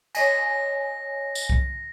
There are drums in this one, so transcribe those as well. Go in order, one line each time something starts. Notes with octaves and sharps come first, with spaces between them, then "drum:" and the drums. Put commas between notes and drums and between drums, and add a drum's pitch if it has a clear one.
C#5 D#5 G#5 A#6, drum: cymbal
drum: tambourine
drum: kick C2